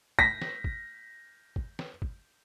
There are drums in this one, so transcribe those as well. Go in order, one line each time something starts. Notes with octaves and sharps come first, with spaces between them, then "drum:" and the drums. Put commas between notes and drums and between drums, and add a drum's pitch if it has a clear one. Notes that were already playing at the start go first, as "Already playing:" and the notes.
A#6 B6, drum: kick
drum: snare
drum: kick
drum: kick
drum: snare
drum: kick